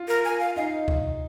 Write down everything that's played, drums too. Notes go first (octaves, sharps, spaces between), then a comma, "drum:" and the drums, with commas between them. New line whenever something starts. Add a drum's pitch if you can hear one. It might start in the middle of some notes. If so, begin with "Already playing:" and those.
Already playing: F4
A#4
G#5
F5
D#4 F5
drum: kick C#2